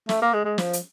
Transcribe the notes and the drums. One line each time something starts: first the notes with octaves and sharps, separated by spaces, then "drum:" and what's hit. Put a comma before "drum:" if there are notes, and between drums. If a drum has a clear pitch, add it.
A3, drum: snare
A#3
G#3
G#3
F3, drum: snare
drum: hi-hat